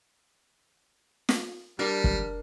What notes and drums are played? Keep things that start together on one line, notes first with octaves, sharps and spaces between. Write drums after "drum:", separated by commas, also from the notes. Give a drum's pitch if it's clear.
drum: snare
G3 D4 A#4
drum: kick